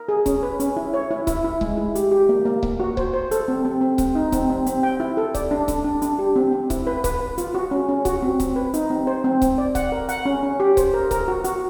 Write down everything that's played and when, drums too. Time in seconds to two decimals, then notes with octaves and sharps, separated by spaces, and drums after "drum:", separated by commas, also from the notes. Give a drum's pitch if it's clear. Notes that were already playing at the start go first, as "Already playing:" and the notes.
Already playing: A#4
0.08 G#4
0.26 C#4, drum: kick C#1, hi-hat
0.43 B4
0.60 C#4, drum: hi-hat
0.77 E4
0.94 C#5
1.11 E4
1.27 E4, drum: kick C#1, hi-hat
1.44 E4
1.61 G#3, drum: kick C#1
1.78 E4
1.95 G4, drum: hi-hat
2.12 G4
2.29 A#3
2.46 A#3
2.63 A#3, drum: kick C#1
2.80 F#4
2.97 C5, drum: kick C#1
3.13 C5
3.31 A4, drum: hi-hat
3.48 C4
3.65 C4
3.81 C4
3.98 C4, drum: kick C#1, hi-hat
4.15 D#4
4.32 C4, drum: kick C#1, hi-hat
4.50 C4
4.66 C4, drum: hi-hat
4.83 G5
5.00 E4
5.17 A4
5.34 D5, drum: kick C#1, hi-hat
5.51 D4
5.68 D4, drum: kick C#1, hi-hat
5.85 D4
6.02 D4, drum: hi-hat
6.19 G4
6.36 C4
6.52 C4
6.70 E4, drum: kick C#1, hi-hat
6.87 B4
7.04 B4, drum: kick C#1, hi-hat
7.21 B4
7.38 F4, drum: hi-hat
7.55 F#4
7.71 C#4
7.89 C#4
8.05 F#4, drum: kick C#1, hi-hat
8.22 C4
8.40 C4, drum: kick C#1, hi-hat
8.56 B4
8.74 D#4, drum: hi-hat
8.90 C4
9.07 C5
9.24 C4
9.42 C4, drum: kick C#1, hi-hat
9.58 D5
9.75 F#5, drum: kick C#1, hi-hat
9.92 A#4
10.09 F#5, drum: hi-hat
10.26 C#4
10.43 C#4
10.60 G4
10.77 C5, drum: kick C#1, hi-hat
10.94 A#4
11.11 A#4, drum: kick C#1, hi-hat
11.28 F#4
11.44 F#4, drum: hi-hat